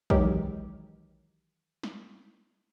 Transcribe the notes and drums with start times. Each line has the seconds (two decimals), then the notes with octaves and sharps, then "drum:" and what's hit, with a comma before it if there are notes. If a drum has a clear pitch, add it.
0.10 D#3 E3 F#3 G#3 G4 A#4, drum: kick
1.83 drum: snare